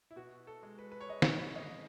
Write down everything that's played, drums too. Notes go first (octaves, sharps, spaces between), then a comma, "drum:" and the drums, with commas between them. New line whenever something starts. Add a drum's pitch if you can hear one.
E4
B2 F#4
A4
G#3
B4
B4
C#5
G#3 D#5
drum: snare
C#4 D#5